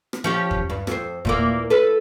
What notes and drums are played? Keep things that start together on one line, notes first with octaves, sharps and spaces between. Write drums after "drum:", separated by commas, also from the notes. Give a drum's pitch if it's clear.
drum: rim click
F3 C#4 G4
drum: kick
G2
F2 C5, drum: rim click
A#2 E3 A#3, drum: kick
A4 B4